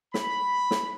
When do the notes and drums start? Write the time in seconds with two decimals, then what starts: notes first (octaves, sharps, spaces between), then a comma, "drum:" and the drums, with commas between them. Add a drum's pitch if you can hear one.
0.14 B5, drum: snare
0.71 drum: snare